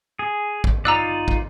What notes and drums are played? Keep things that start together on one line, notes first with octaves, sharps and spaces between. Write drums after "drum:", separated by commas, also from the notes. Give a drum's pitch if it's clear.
G#4
drum: kick
D#4 F4 D5 A#5 E6 F#6
drum: kick